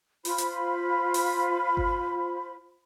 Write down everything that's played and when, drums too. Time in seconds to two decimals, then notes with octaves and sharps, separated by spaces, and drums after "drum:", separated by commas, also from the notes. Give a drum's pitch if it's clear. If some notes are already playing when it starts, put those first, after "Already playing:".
0.25 F4 C5 B5, drum: open hi-hat
0.38 drum: hi-hat
1.14 drum: open hi-hat
1.77 drum: kick G1